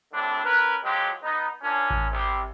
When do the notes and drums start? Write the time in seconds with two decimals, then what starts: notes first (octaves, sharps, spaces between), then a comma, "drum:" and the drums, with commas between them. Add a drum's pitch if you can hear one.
0.13 C2 A2 D3 C4 D4
0.45 C#4 A#4 B4
0.84 F3 F#3 G#3 G4
1.23 B3 D#4
1.62 A#2 C#4 D4
1.90 drum: kick A1
2.12 C2 C3